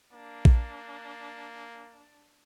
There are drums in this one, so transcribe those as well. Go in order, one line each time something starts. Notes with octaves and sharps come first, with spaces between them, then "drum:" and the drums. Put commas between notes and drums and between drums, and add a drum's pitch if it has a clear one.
A#3 D4
drum: kick A#1